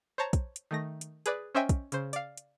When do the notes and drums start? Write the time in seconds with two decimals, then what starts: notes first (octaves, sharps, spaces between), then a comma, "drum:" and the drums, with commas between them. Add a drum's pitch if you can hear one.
0.18 C5 C#5 A5 A#5
0.33 drum: kick, hi-hat
0.56 drum: hi-hat
0.71 D#3 A3 A#6
1.01 drum: hi-hat
1.26 G#4 B4 D5, drum: hi-hat
1.55 C#4 C5 D#5 E5 G5 G#5
1.69 drum: kick, hi-hat
1.92 C#3 C5, drum: hi-hat
2.13 D5 F5, drum: hi-hat
2.37 drum: hi-hat